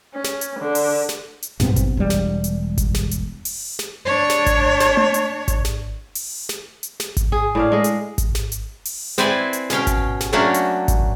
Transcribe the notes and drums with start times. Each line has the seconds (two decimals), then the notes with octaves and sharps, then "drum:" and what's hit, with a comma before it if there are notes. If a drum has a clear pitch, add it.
0.14 C#4
0.24 drum: snare
0.41 drum: hi-hat
0.59 D3
0.75 drum: open hi-hat
1.09 drum: snare
1.42 drum: hi-hat
1.60 B1 G2 B3 C4, drum: snare
1.76 drum: kick G#1, hi-hat
1.97 E1 G3
2.10 drum: snare
2.44 drum: hi-hat
2.78 drum: kick G#1, hi-hat
2.94 drum: snare
3.11 drum: hi-hat
3.45 drum: open hi-hat
3.79 drum: snare
4.05 D4 C#5
4.30 drum: snare
4.46 drum: kick G#1, hi-hat
4.80 drum: snare
4.97 drum: tom A3
5.14 drum: hi-hat
5.48 drum: kick G#1, hi-hat
5.65 drum: snare
6.15 drum: open hi-hat
6.49 drum: snare
6.83 drum: hi-hat
7.00 drum: snare
7.17 drum: kick G#1, hi-hat
7.32 G#4
7.55 A2 D4 F5
7.72 G#3 D#5
7.84 drum: hi-hat
8.18 drum: kick G#1, hi-hat
8.35 drum: snare
8.52 drum: hi-hat
8.85 drum: open hi-hat
9.18 C4 E4 B4 C5 D5 G#5, drum: snare
9.53 drum: hi-hat
9.70 B2 C#4 F5 G5, drum: snare
9.87 drum: kick G#1, hi-hat
10.20 drum: snare
10.33 F#3 A3 A#3 C#4 D4 F#4
10.54 drum: hi-hat
10.88 drum: kick G#1, hi-hat